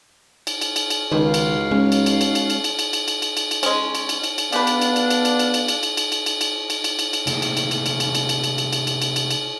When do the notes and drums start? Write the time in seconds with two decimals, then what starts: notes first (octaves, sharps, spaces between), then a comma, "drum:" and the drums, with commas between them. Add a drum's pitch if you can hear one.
0.47 drum: cymbal
0.61 drum: cymbal
0.76 drum: cymbal
0.90 drum: cymbal
1.12 C#2 D#3 D#4 F#4 F5
1.34 drum: cymbal
1.71 G#3 C#4
1.92 drum: cymbal
2.06 drum: cymbal
2.21 drum: cymbal
2.35 drum: cymbal
2.50 drum: cymbal
2.64 drum: cymbal
2.79 drum: cymbal
2.93 drum: cymbal
3.08 drum: cymbal
3.22 drum: cymbal
3.37 drum: cymbal
3.51 drum: cymbal
3.63 G#3 C#4, drum: cymbal
3.95 drum: cymbal
4.09 drum: cymbal
4.24 drum: cymbal
4.38 drum: cymbal
4.53 B3 D4 G4 B4 F5, drum: cymbal
4.67 drum: cymbal
4.82 drum: cymbal
4.96 drum: cymbal
5.10 drum: cymbal
5.25 drum: cymbal
5.39 drum: cymbal
5.54 drum: cymbal
5.68 drum: cymbal
5.83 drum: cymbal
5.97 drum: cymbal
6.12 drum: cymbal
6.26 drum: cymbal
6.41 drum: cymbal
6.70 drum: cymbal
6.84 drum: cymbal
6.99 drum: cymbal
7.13 drum: cymbal
7.27 C3 G3 A3 A#3 G#4, drum: cymbal
7.42 drum: cymbal
7.57 drum: cymbal
7.71 drum: cymbal
7.86 drum: cymbal
8.00 drum: cymbal
8.15 drum: cymbal
8.29 drum: cymbal
8.44 drum: cymbal
8.58 drum: cymbal
8.73 drum: cymbal
8.87 drum: cymbal
9.02 drum: cymbal
9.16 drum: cymbal
9.31 drum: cymbal